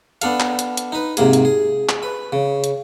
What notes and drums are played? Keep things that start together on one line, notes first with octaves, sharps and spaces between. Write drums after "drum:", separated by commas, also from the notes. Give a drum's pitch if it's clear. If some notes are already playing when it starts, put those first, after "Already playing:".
B3 D4 A4 F5, drum: hi-hat
drum: clap
drum: hi-hat
drum: hi-hat
D#4 B4
G#2 C3 A#3 G#4, drum: hi-hat
drum: hi-hat
G#4
drum: clap
B4
C#3
drum: hi-hat